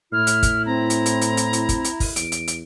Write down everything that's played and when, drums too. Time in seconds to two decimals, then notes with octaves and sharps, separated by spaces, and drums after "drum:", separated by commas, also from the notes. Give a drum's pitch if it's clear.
0.12 A2 E4 F6
0.27 drum: hi-hat
0.43 drum: kick, hi-hat
0.66 C4 A#5
0.90 drum: hi-hat
1.06 drum: hi-hat
1.21 drum: hi-hat
1.37 drum: hi-hat
1.53 drum: hi-hat
1.69 drum: kick, hi-hat
1.84 drum: hi-hat
2.00 drum: kick, open hi-hat
2.16 E2 D7, drum: hi-hat
2.32 drum: hi-hat
2.48 drum: hi-hat